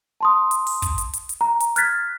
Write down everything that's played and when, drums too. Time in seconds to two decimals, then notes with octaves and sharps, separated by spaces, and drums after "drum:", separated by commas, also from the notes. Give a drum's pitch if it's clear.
0.21 A5 C6 D#6
0.51 drum: hi-hat
0.67 drum: open hi-hat
0.82 drum: kick, hi-hat
0.98 drum: hi-hat
1.13 drum: hi-hat
1.29 drum: hi-hat
1.41 A#5
1.60 drum: hi-hat
1.76 F6 F#6 G#6 A6 B6, drum: hi-hat